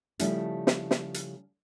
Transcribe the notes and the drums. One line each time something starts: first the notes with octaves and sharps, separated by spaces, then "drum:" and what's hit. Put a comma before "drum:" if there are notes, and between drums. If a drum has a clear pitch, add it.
C#3 F3 G3 A3 E4 G4, drum: hi-hat
drum: snare
drum: snare
drum: hi-hat